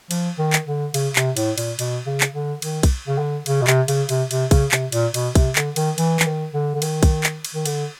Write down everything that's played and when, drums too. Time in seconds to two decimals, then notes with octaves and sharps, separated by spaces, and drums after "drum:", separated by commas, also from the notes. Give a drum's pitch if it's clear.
0.11 F3, drum: cymbal
0.38 D#3
0.53 drum: clap
0.67 D3
0.94 C#3, drum: cymbal
1.16 C3, drum: clap
1.37 A2, drum: cymbal
1.58 A#2, drum: cymbal
1.79 B2, drum: cymbal
2.07 C#3
2.20 drum: clap
2.34 D3
2.62 D#3, drum: cymbal
2.83 drum: kick B1, cymbal
3.08 C#3
3.18 D3
3.46 C#3, drum: cymbal
3.62 B2
3.67 C3, drum: clap
3.88 C#3, drum: cymbal
4.09 C3, drum: cymbal
4.31 C3, drum: cymbal
4.51 C#3, drum: kick B1, cymbal
4.71 C3, drum: clap
4.92 A#2, drum: cymbal
5.14 B2, drum: cymbal
5.35 C3, drum: kick B1, cymbal
5.56 D3, drum: clap
5.76 D#3, drum: cymbal
5.98 E3, drum: cymbal
6.20 E3, drum: clap
6.26 D#3
6.54 D3
6.74 D3
6.82 D#3, drum: cymbal
7.03 drum: kick B1, cymbal
7.24 drum: clap
7.45 drum: cymbal
7.54 D#3
7.66 D3, drum: cymbal